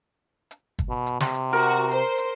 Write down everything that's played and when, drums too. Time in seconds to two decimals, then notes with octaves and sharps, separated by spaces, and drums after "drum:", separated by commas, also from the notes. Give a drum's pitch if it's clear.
0.51 drum: hi-hat
0.79 drum: kick G1, hi-hat
0.89 B2
1.06 drum: hi-hat
1.20 C3, drum: snare
1.34 drum: hi-hat
1.53 F#4 A#4
1.62 drum: hi-hat
1.91 C5, drum: hi-hat
2.18 drum: hi-hat